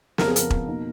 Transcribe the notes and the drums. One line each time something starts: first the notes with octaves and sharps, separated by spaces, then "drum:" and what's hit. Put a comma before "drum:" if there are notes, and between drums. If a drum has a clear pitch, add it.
F2 C#3 F3 B3 A#4, drum: snare
G#4
A#4, drum: hi-hat
drum: kick E1
B2 A#3 D#4